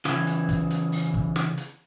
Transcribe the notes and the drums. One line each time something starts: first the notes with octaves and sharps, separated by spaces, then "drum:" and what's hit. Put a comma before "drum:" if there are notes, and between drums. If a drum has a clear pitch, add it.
C#3 E3, drum: snare
drum: hi-hat
drum: kick, hi-hat
drum: hi-hat
drum: open hi-hat
drum: kick
drum: snare
drum: hi-hat